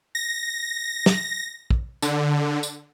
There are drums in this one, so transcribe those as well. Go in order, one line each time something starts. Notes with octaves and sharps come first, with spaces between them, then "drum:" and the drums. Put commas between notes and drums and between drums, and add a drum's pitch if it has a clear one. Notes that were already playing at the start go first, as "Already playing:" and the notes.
A#6
drum: snare
drum: kick
D3, drum: tambourine
drum: tambourine